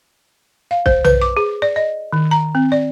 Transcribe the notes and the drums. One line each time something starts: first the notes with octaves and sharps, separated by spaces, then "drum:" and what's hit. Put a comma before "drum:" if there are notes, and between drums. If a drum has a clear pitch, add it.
F5
C5, drum: kick C2
B4, drum: tom B1
D6
G#4
D5
D#5
D#3
A#5
C4
D5